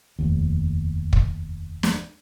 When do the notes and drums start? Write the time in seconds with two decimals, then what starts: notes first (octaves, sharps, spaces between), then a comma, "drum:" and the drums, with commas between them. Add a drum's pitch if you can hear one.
0.19 F1 D#2
1.13 drum: kick
1.83 drum: snare